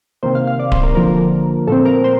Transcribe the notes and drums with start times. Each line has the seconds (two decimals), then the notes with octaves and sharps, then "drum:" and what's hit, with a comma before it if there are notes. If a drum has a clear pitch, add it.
0.23 C3 D#3 A#3 C5
0.35 F5
0.47 F5
0.59 D5
0.72 C5, drum: kick D1
0.84 A#4
0.95 D3 F3 A#3 A#4
1.67 A#2 A3 C4 A4
1.85 A#4
2.04 C5